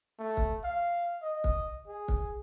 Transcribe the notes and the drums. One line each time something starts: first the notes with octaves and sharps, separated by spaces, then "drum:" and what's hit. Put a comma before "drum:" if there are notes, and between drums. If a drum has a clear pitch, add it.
A3
drum: kick
F5
D#5
drum: kick
G#4
drum: kick